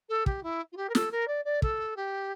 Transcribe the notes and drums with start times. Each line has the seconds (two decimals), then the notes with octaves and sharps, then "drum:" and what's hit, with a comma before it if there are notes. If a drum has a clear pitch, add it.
0.09 A4
0.26 G4, drum: kick
0.43 E4
0.72 F4
0.77 G4
0.89 A#4
0.95 A4, drum: snare
1.12 A#4
1.28 D5
1.45 D5
1.62 A4, drum: kick
1.97 G4